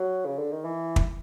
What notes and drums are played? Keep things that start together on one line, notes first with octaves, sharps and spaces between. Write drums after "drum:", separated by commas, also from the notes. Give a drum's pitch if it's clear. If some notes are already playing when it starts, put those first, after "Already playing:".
Already playing: F#3
C#3
D3
D#3
E3
drum: kick